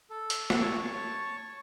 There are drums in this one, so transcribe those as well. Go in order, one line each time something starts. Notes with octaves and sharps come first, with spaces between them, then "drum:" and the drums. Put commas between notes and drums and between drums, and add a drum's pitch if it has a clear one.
A4
drum: hi-hat
drum: snare
C#5 A5 C#6